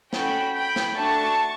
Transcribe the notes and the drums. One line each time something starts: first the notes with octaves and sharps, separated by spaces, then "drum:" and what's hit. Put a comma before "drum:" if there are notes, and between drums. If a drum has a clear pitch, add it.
C#4 F#4 A4 G5 B5, drum: snare
G5 B5
drum: snare
A3 D4 F#4 A5 C#6